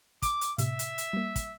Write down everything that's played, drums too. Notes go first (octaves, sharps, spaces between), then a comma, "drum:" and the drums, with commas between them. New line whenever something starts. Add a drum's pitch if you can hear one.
D6, drum: kick, hi-hat
drum: hi-hat
A2 C3 E5, drum: hi-hat
drum: hi-hat
drum: hi-hat
G3 A#3
drum: kick, hi-hat